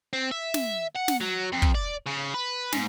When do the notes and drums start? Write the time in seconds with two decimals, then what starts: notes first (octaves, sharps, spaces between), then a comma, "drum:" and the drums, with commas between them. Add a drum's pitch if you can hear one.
0.13 C4
0.31 E5
0.54 drum: snare
0.96 F#5
1.08 drum: snare
1.21 F#3
1.52 F2
1.62 drum: kick
1.75 D5
2.06 C#3
2.34 B4
2.72 G#2, drum: snare